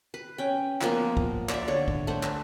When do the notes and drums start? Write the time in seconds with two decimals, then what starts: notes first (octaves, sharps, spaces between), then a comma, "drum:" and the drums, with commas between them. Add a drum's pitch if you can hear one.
0.14 B4
0.38 C#4 G5
0.81 F3 A#3 B3, drum: clap
1.17 drum: kick
1.49 D5 E5, drum: clap
1.68 D3 C#5
1.88 drum: kick
2.07 A3 C5 F#5
2.23 drum: clap